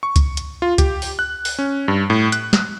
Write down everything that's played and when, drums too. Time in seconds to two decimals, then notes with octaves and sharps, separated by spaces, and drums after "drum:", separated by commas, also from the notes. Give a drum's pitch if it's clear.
0.03 C#6
0.16 drum: kick C#2, hi-hat
0.37 drum: hi-hat
0.62 F4
0.78 G4, drum: kick C#2, hi-hat
1.02 drum: open hi-hat
1.19 F#6
1.45 drum: open hi-hat
1.59 C#4
1.88 G2
2.10 A2
2.32 F#6, drum: hi-hat
2.53 drum: snare